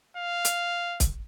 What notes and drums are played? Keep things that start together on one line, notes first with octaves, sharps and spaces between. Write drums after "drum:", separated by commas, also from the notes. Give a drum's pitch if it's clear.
F5
drum: hi-hat
drum: kick, hi-hat